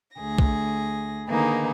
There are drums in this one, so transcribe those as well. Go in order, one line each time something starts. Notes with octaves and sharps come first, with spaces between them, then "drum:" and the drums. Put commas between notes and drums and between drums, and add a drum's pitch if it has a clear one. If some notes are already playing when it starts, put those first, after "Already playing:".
D2 G#4 A#6
drum: kick
D3 D#3 A#3 D#4 G#4 B4